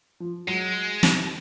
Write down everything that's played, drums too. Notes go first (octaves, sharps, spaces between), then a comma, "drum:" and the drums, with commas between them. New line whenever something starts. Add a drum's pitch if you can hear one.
F3
F#3 G#3
drum: snare